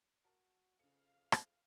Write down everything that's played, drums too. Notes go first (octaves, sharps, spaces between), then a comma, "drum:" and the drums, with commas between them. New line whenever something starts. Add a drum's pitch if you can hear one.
F#4 A#4 A5
F2 C#3 F5 C#7
drum: rim click